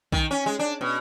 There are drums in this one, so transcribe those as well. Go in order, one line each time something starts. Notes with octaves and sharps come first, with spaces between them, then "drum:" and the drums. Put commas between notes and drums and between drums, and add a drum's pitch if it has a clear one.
D#3, drum: kick B1
C#4
G#3
D4
B2